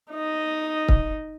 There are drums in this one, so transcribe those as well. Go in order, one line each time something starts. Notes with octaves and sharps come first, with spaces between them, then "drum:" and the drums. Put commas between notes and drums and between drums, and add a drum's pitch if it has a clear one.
D#4 D#5
drum: kick